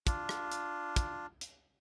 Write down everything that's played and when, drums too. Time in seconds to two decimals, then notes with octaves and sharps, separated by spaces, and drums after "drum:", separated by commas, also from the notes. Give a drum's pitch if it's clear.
0.07 D4 F4, drum: kick, hi-hat
0.29 drum: rim click
0.52 drum: hi-hat
0.96 drum: kick, hi-hat
1.41 drum: hi-hat